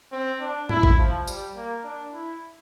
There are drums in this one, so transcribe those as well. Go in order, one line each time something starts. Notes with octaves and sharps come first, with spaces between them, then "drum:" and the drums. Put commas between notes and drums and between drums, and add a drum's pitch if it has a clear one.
C4
D4
E4, drum: tom A2
drum: kick G#1
F3
G3, drum: tambourine
A#3
D4
E4